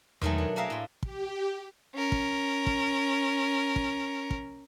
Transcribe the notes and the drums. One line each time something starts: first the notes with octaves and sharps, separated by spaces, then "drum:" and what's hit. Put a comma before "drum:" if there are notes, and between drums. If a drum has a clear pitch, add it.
B2 D#3 F#3 G#3 A3, drum: tom E2
D4
A#3 F#4 G#4 A#4 E5 F5
A2 C6
G4, drum: kick
C#4 A#4
drum: kick
drum: kick
drum: kick
drum: kick